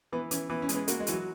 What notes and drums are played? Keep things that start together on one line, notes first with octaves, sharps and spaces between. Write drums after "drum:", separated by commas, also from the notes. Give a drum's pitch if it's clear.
E3 B3
E3 C#4, drum: hi-hat
E3 B3
C#4
G#3, drum: hi-hat
B3
A#3 F#4, drum: hi-hat
G#3
E3 F#4, drum: hi-hat
F#3